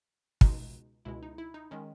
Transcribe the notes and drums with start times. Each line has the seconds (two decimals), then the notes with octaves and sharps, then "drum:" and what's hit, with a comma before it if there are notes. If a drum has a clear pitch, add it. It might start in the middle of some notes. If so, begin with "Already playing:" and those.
0.41 C#2 B2 G#3 D#4, drum: kick
1.05 C#2 B2 G#3 E4
1.23 D#4
1.38 E4
1.54 D#4
1.71 D#3 G#3 C#4